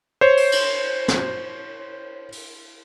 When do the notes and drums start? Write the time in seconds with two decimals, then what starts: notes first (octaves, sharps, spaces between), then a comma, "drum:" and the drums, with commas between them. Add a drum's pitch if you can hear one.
0.21 C5 C#5
0.37 drum: open hi-hat
0.52 drum: cymbal
1.08 drum: snare
2.32 drum: open hi-hat